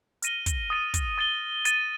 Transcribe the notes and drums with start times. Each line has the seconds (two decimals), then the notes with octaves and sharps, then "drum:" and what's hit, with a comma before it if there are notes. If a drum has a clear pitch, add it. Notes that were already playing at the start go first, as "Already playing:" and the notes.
0.22 F6 A#6 D#7 G7, drum: hi-hat
0.46 drum: kick, hi-hat
0.70 D#6 A6 D#7
0.94 drum: kick, hi-hat
1.18 D#6 A6 D#7 G7
1.65 A6 D#7 G7, drum: hi-hat